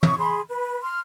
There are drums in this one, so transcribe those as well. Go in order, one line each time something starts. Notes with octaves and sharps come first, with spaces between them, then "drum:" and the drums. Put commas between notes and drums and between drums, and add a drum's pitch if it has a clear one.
E4 C#5 C#6 D#6, drum: tom
G#4 B5 C6
B4
C6 F6